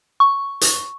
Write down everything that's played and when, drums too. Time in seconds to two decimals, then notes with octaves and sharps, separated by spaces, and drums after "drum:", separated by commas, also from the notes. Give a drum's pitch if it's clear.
0.20 C#6
0.61 drum: hi-hat